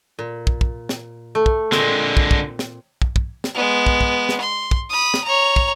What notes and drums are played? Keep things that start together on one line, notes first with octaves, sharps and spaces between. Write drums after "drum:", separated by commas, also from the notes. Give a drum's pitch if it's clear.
A#2
drum: kick
drum: kick
drum: snare
A3
drum: kick
A#2 D3 G#3 C4, drum: snare
drum: kick
drum: kick
drum: snare
drum: kick
drum: kick
drum: snare
G#3 B3
drum: kick
drum: kick
drum: snare
C6
drum: kick
B5 D#6
drum: snare
C#5 A#5
drum: kick